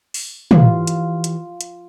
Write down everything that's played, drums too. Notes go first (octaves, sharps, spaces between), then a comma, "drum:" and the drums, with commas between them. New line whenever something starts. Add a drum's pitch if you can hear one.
drum: open hi-hat
E3 F4 G4, drum: tom
drum: hi-hat
drum: hi-hat
drum: hi-hat